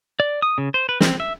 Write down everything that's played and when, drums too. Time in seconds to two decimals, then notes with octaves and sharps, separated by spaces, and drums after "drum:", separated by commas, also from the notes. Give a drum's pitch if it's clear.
0.20 D5
0.42 D#6
0.58 C#3
0.74 C5
0.89 B4
1.01 C4, drum: snare
1.20 E5